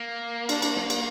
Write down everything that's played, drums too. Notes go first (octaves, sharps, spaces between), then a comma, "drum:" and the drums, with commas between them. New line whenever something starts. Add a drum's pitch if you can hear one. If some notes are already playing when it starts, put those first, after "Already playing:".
Already playing: A#3
D4, drum: cymbal
drum: cymbal
drum: snare
drum: cymbal